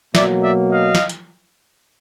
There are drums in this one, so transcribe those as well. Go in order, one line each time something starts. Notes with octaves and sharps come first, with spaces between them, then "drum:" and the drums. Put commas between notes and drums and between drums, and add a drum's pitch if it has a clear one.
B2 F#3 A#3 D5 E5, drum: snare
D5 E5
D#5 F5
drum: snare
drum: hi-hat